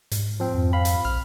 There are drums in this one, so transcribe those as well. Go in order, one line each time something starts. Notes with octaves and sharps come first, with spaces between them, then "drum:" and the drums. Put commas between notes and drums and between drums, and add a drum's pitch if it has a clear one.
G#2, drum: hi-hat
F3 C4
F2
F5 B5
drum: hi-hat
A#1 F6